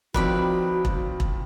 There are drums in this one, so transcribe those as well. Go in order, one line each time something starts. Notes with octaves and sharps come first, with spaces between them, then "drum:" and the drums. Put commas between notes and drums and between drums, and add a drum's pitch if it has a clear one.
D#3 F3 C4 F#4 B4 D5 B5, drum: kick E1
drum: kick E1
drum: kick E1